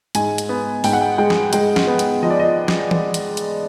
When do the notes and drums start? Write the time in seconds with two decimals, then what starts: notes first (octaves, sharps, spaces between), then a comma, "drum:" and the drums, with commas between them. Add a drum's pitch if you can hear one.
0.15 G#2 G#5, drum: hi-hat
0.38 drum: hi-hat
0.49 B3
0.84 G#2 G5, drum: open hi-hat
0.93 F#5
1.01 G5
1.18 G#3 G5
1.30 drum: snare
1.53 G#3 G5, drum: hi-hat
1.76 drum: snare
1.87 B3
1.99 drum: hi-hat
2.23 F3 D#5
2.30 D5
2.39 D#5
2.68 drum: snare
2.91 drum: tom E3
3.14 drum: hi-hat
3.37 drum: hi-hat